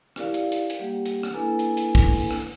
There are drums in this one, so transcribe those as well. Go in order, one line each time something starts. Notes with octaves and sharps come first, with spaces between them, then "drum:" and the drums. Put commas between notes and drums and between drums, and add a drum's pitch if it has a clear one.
E4 G4 A#4 D5 F5, drum: rim click
drum: hi-hat
drum: hi-hat
drum: hi-hat
G3 A#3 G4 F#5
drum: hi-hat
drum: rim click
A#3 D4 E4 A4 B4 G#5
drum: hi-hat
drum: hi-hat
drum: kick, hi-hat
drum: open hi-hat
drum: rim click